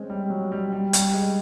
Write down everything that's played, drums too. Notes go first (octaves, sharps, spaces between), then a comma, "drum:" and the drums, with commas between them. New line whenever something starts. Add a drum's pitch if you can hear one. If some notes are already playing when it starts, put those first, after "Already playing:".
Already playing: G#3 C4 C#4
G3
F#3
G3
G3
G3, drum: hi-hat
G#3